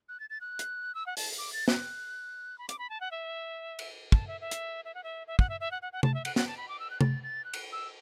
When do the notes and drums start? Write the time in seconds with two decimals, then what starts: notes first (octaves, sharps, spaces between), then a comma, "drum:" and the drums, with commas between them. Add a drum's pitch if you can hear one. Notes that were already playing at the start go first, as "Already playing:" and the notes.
0.09 F#6
0.20 A6
0.30 A6
0.41 F#6
0.59 drum: hi-hat
0.95 E6
1.06 F#5
1.17 A5, drum: open hi-hat
1.38 D6
1.53 A6
1.68 F#6, drum: snare
2.58 B5
2.69 D6, drum: hi-hat
2.79 B5
2.90 A5
3.01 F#5
3.11 E5
3.79 drum: cymbal
4.12 A5, drum: kick
4.27 E5
4.41 E5
4.51 drum: hi-hat
4.85 E5
4.95 F#5
5.04 E5
5.27 E5
5.39 F#5, drum: kick
5.49 E5
5.61 E5
5.71 F#5
5.82 F#5
5.93 F#5
6.03 A5, drum: tom C3
6.14 E5
6.25 F#5, drum: cymbal
6.36 F#5, drum: snare
6.47 A5
6.57 B5
6.68 D6
6.79 E6
6.90 F#6
7.01 A6, drum: tom C3
7.23 A6
7.44 F#6
7.53 drum: cymbal
7.72 E6